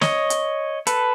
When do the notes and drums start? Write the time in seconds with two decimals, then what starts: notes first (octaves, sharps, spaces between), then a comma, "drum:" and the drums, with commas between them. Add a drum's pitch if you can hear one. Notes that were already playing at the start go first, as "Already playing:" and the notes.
0.01 C#5 D#5, drum: snare
0.30 drum: hi-hat
0.87 A4 B4, drum: hi-hat